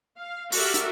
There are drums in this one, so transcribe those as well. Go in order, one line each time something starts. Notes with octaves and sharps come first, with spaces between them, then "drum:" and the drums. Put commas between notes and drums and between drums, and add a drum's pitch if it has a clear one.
F5
F#4 G4 A4 A#4 D5 E5, drum: open hi-hat
drum: hi-hat